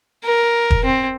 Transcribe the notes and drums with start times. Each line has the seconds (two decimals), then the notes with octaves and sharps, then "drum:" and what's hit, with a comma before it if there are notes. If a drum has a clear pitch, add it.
0.25 A#4
0.70 drum: kick E1
0.85 C4